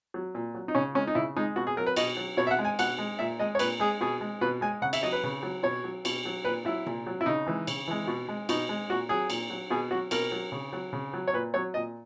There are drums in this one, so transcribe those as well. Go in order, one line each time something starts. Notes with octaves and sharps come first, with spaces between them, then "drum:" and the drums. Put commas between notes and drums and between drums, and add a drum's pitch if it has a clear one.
F#3
A#2
F#3
D#4
C#3 C#4
G#3 C#4
D#4
C#3 E4
G#3 D#4
B2 F#4
G#4
F#3 A#4
B4
B2 D#5, drum: cymbal
F#3
B2 C#5
E5
F#5
G#3
G#5
B2 F#5, drum: cymbal
G#3
A#2 E5
G#3 D#5
C#5
A#2 B4, drum: cymbal
G#3 G#4
B2 G#4
G#3
B2 B4
G#3 G#5
C#3 F#5
E5, drum: cymbal
F#3 D#5
B4
C#3
F#3
B2 C#5
F#3
B2, drum: cymbal
F#3
A#2 B4
F#3 E4
A#2, drum: tom C3
F#3
E4
C#3 D#4
E3 G#3
C#3, drum: cymbal
E3 G#3
B2
G#3
B2 D#4, drum: cymbal
G#3
A#2 F#4
F#3 G#4
A#2, drum: cymbal
F#3
B2 G#4
F#3 F#4
B2 A#4, drum: cymbal
F#3
C#3
F#3
C#3
F#3
C#5
A#2 B4
F#3 C#5
A#2 D#5